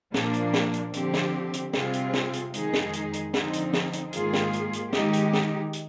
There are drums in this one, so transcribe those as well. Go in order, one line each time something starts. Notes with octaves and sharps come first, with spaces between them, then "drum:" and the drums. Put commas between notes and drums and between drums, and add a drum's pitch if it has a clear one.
A#2 F3 A#3 D4, drum: snare
drum: hi-hat
drum: snare
drum: hi-hat
D3 F3 C4 G4, drum: hi-hat
drum: snare
drum: hi-hat
C3 G3 C4 F4 G#4, drum: snare
drum: hi-hat
drum: snare
drum: hi-hat
F2 D#3 G#3 D#4 G#4, drum: hi-hat
drum: snare
drum: hi-hat
drum: hi-hat
D3 F3 C4 D#4, drum: snare
drum: hi-hat
drum: snare
drum: hi-hat
G#2 D#3 A#3 F4 G#4, drum: hi-hat
drum: snare
drum: hi-hat
drum: hi-hat
D#3 G#3 D#4 G4, drum: snare
drum: hi-hat
drum: snare
drum: hi-hat